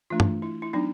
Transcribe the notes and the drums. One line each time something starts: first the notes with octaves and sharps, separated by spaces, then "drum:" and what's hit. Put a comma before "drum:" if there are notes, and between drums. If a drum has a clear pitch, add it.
E3 A3 D4 F4
drum: tom
E4
E4
F#3 B3 D4 D#4